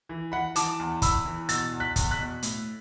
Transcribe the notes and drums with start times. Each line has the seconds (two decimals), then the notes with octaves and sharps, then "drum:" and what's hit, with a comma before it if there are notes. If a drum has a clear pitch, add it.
0.09 E3
0.32 E3 F#5 B5
0.56 E3 A5 D6, drum: hi-hat
0.80 E2
1.02 E2 B5 E6, drum: kick, hi-hat
1.26 E3
1.49 B2 E6 A6, drum: hi-hat
1.72 E2
1.80 F#6 B6
1.96 E2, drum: kick, hi-hat
2.11 F#6 B6
2.19 B2
2.43 A2, drum: hi-hat